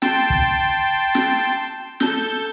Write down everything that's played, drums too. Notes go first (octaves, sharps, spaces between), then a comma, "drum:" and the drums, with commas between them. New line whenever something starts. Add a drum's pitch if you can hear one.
G5 A5 C6, drum: snare
drum: kick
drum: snare
A4 G6, drum: snare